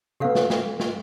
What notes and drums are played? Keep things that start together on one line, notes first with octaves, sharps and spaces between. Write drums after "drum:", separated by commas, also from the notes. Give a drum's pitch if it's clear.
C#3 B3 G4 A4 F5
drum: snare
drum: snare
drum: snare